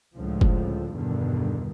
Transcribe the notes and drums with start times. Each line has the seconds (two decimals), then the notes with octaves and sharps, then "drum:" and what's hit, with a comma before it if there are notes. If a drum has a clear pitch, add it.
0.16 C#2 A2 D3 F3
0.41 drum: kick F#1
0.94 E2 G2 B2 D3 D#3